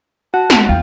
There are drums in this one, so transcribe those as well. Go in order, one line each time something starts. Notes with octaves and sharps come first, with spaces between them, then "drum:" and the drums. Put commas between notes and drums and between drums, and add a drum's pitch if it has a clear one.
F#4 A5
drum: snare
E2 F4 G5